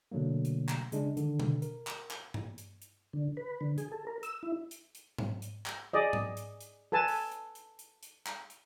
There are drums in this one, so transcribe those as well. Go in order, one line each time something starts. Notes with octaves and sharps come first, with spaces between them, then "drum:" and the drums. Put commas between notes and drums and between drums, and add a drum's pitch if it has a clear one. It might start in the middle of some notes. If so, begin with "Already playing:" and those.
B2 D3 F#3 A3 A#3
drum: hi-hat
drum: clap
C#3 G#3 D4, drum: hi-hat
D3 D#3, drum: hi-hat
drum: tom B2
A#4, drum: hi-hat
drum: clap
drum: clap
drum: tom G2
drum: hi-hat
drum: hi-hat
D3
B4
D3
G#4, drum: hi-hat
A4
A#4
E6, drum: hi-hat
E4
drum: hi-hat
drum: hi-hat
drum: tom G#2
drum: hi-hat
drum: clap
G#4 D5 D#5
drum: tom G#2
drum: hi-hat
drum: hi-hat
A4 B4 G#5 A5
drum: open hi-hat
drum: hi-hat
drum: hi-hat
drum: hi-hat
drum: hi-hat
drum: clap
drum: hi-hat